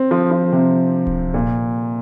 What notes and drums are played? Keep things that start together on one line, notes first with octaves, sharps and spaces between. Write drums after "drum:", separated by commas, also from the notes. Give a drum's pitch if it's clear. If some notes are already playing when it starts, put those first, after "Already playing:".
Already playing: C4
F3
F3
C3
drum: kick D1
A#2